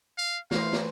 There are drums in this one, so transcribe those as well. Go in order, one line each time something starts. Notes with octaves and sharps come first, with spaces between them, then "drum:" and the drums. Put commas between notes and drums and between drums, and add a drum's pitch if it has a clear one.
F5
E3 A3 C5 F5, drum: snare
drum: snare